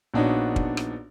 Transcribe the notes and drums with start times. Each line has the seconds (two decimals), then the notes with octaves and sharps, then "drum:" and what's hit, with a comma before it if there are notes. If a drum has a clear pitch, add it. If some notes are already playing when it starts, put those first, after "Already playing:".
0.14 A#1 B3 D4 D#4 F#4 C#5
0.56 drum: kick
0.77 drum: rim click